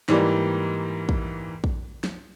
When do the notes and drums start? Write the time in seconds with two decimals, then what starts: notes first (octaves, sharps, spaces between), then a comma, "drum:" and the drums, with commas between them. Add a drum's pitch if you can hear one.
0.09 G#2 E3 G3 A#3, drum: snare
1.09 drum: kick
1.64 drum: kick
2.04 drum: snare